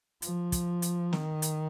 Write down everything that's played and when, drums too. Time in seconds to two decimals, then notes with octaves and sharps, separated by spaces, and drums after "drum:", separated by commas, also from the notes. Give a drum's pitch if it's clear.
0.22 F3, drum: hi-hat
0.52 drum: kick, hi-hat
0.82 drum: hi-hat
1.13 D#3, drum: snare
1.42 drum: hi-hat